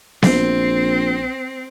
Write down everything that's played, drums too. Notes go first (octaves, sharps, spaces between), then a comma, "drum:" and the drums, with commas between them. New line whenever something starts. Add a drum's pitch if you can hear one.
A#1 C4, drum: snare B3